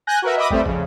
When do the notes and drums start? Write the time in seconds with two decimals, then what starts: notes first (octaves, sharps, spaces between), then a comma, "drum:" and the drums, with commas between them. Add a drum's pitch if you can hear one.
0.07 G#5 F#6 G6 A#6
0.22 F#4 A#4 B4 E5
0.37 D#5 E5 B5 D6 D#6
0.51 G3 A3 C4 E4, drum: kick
0.66 F2 C#3, drum: kick